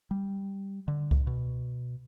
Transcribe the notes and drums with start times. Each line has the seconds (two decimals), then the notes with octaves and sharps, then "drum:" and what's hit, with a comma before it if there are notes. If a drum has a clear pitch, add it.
0.11 G3
0.88 D3
1.11 drum: kick C#2
1.27 B2